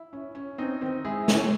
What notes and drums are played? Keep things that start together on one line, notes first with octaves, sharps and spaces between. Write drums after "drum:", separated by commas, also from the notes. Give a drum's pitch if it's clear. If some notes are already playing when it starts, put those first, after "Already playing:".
Already playing: E4
C#4
C#4
C4 C#4 D#4
D#3 C4
G#3 E4 G#4
C#4, drum: snare